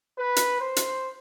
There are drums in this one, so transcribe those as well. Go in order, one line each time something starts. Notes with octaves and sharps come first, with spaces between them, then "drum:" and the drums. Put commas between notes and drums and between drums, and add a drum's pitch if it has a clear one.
B4
drum: hi-hat
C5
drum: hi-hat